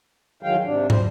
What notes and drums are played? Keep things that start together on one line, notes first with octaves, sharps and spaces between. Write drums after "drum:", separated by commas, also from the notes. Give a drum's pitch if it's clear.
E2 D#3 F#3 G#3 F5 G5
G#2 C3 D4
C5, drum: tom